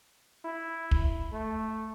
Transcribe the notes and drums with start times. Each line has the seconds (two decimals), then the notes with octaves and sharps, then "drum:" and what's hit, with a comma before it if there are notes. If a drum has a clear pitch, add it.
0.45 E4
0.91 drum: kick
1.33 A3